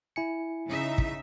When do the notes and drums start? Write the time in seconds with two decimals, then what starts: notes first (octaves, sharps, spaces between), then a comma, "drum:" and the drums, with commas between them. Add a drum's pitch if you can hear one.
0.16 E4 G#5 C#7
0.67 C#3 D#4 E5
0.98 drum: kick